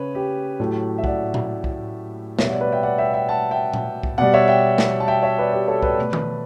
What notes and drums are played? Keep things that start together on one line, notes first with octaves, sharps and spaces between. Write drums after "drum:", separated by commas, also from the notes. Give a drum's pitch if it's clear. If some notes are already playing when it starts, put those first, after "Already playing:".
Already playing: C#3 B4 C#5
G4
A2 F#3 A3
E5
D5 F#5, drum: kick
drum: tom A#2
drum: kick
B2 G3 C#5 E5, drum: snare
D5 F#5
B4 D5
E5 G5
D5 F#5
E5 G5
E5 G5
F#5 A5
E5 G5
drum: tom A#2
drum: kick
B2 G3 D5 F#5
C#5 E5
E5 G5
drum: snare
A5
E5 G5
C#5 E5
B4 D5
G4 B4
A4 C#5
B4 D5, drum: kick
B2 A3
drum: tom D#3